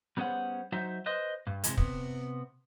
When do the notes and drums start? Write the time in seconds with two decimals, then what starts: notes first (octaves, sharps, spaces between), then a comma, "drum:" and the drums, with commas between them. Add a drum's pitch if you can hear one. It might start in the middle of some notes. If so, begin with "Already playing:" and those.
0.17 G3 B3 C#4 G#4 C5 F#5
0.72 F#3 D#4 C5 E5
1.06 B4 C5 D#5
1.47 G2
1.64 C3 E3 G#3, drum: hi-hat
1.77 C3 B3, drum: kick